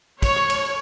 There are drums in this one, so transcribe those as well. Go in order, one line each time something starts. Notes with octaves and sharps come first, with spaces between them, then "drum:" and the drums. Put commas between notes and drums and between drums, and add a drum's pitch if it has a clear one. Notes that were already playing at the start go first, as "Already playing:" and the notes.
C#5, drum: kick, cymbal
drum: rim click
drum: cymbal